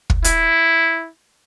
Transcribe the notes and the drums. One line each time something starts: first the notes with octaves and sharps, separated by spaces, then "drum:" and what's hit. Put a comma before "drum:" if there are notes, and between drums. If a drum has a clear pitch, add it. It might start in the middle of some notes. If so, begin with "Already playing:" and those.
drum: kick
E4, drum: hi-hat